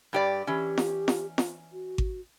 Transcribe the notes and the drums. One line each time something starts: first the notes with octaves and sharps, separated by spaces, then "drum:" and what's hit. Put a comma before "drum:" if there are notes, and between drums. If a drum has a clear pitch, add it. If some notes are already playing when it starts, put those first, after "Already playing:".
G2 G4 D5
E3 C#4 G4
drum: snare F4
drum: snare F4
drum: snare F4
F#4
drum: kick G#1